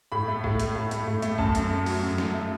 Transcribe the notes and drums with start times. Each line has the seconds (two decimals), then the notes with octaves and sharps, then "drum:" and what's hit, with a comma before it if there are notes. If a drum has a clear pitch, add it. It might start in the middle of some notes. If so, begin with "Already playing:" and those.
0.12 A2 B5
0.28 A3
0.44 A2, drum: kick
0.60 A3, drum: hi-hat
0.76 A2
0.91 A3, drum: hi-hat
1.07 A2
1.22 A3, drum: hi-hat
1.38 F#2 A5, drum: kick
1.55 F#2, drum: hi-hat
1.70 A3
1.86 F#3, drum: open hi-hat
2.02 F#2
2.18 F#2, drum: snare
2.34 A3